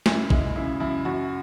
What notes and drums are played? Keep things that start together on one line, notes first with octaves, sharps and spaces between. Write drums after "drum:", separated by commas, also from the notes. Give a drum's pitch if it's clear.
F#2 E4, drum: snare
G#3 E4, drum: kick
C#3 E4
F#2 E4
F#2 F#4